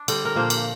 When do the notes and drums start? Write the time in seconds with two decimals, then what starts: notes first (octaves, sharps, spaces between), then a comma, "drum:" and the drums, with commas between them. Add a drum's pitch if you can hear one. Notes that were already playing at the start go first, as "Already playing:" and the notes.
Already playing: D4
0.08 D3 G3 C4, drum: cymbal
0.25 A#4
0.36 A#2 F3 A#3 D4 C5
0.50 drum: cymbal